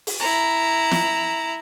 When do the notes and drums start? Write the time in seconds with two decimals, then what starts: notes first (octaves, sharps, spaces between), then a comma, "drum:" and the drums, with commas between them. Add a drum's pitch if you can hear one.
0.07 drum: open hi-hat
0.20 E4 A#5
0.91 drum: snare